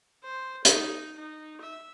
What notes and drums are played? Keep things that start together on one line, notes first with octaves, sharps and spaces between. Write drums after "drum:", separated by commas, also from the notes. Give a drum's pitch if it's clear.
C5
D#4, drum: hi-hat
D#4
E5